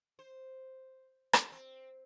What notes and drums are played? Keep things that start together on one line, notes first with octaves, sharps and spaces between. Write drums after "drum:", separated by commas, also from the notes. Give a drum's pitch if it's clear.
C5
G3, drum: rim click
C4